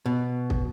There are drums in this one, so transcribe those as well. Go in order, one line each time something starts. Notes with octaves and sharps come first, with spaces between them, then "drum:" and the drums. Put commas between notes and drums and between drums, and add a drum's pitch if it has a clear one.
B2
drum: kick